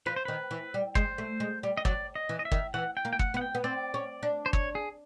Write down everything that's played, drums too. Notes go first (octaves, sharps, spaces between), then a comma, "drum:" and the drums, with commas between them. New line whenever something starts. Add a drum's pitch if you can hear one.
F3 B4
C5
D#3 B4
E3
G3
G#3 C5, drum: kick
A3
G#3
G3
D#5
F#3 D5, drum: kick
D#5
E3
D#5
E5
D#3, drum: kick
E3 F#5
G5
A#3
G5
F#5, drum: kick
B3 F#5
G5
B3
C4 D5
C#4
D4
C5
C#5, drum: kick
G#4